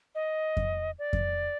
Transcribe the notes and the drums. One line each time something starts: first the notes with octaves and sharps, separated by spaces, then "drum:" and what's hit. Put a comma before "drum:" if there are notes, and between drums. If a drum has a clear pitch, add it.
D#5
drum: kick F2
D5
drum: kick F2